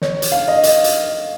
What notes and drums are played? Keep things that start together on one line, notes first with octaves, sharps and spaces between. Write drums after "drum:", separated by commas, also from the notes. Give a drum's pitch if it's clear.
C#5, drum: snare
drum: hi-hat
F5
D#5
drum: hi-hat
drum: hi-hat